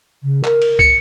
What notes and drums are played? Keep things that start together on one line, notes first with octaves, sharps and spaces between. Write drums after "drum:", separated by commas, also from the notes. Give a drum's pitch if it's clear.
C#3
A#4, drum: clap
drum: cymbal
C#7, drum: kick